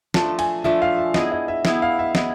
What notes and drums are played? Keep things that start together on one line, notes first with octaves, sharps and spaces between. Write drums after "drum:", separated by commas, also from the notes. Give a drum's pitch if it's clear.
F3 A3 D4 A5, drum: snare
G#5, drum: cymbal
F3 A3 D4 E5
F5
E5
B3 E4 G#4 D#5, drum: snare
D#5
E5
B3 E4 G#4, drum: snare
F5
E5
B3 E4 G#4 D#5, drum: snare